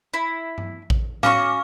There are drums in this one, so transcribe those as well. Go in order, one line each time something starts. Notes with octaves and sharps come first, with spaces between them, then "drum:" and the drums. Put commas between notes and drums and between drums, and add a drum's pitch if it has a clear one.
E4
drum: tom G2
drum: kick A1
C#4 F#4 F5 C#6 D6 F6, drum: tom A2